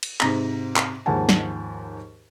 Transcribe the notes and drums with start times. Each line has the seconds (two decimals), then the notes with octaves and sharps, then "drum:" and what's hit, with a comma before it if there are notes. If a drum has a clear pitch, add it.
0.03 drum: cymbal
0.20 G#2 C3 A#5 A#6 B6, drum: clap
0.76 drum: clap
1.06 D#2 G#2 F3 F#5 G#5 A5
1.29 drum: snare